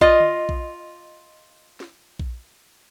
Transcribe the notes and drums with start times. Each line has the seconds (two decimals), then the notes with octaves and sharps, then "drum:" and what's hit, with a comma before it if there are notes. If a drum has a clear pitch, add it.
0.01 F4 D#5, drum: kick A#1
0.20 drum: tom D3
0.49 drum: kick A#1
1.80 drum: snare
2.19 drum: kick A#1